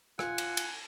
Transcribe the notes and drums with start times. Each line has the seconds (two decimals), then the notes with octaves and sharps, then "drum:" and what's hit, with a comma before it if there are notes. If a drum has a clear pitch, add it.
0.19 F4 F#5 G#5, drum: rim click
0.38 drum: cymbal
0.57 drum: cymbal